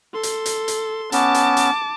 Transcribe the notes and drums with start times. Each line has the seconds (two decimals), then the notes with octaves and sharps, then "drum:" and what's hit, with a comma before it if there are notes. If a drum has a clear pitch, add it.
0.14 A4 C6
0.23 drum: hi-hat
0.46 drum: hi-hat
0.68 drum: hi-hat
1.12 B3 C#4 A5 D6, drum: hi-hat
1.34 drum: hi-hat
1.57 drum: hi-hat